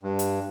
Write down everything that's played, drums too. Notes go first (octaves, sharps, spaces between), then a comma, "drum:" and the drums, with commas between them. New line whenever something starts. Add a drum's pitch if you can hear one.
G2
drum: hi-hat